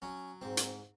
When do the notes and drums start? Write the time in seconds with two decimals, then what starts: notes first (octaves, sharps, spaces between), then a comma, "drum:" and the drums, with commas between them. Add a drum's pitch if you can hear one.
0.02 F#3 C#4
0.41 G#2 C4
0.57 drum: hi-hat